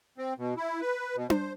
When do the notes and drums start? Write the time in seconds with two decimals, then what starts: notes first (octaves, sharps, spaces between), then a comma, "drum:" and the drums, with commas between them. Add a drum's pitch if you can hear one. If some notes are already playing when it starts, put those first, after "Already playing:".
0.18 C4
0.38 B2
0.57 E4
0.81 B4
1.16 B2
1.30 C5, drum: tom D4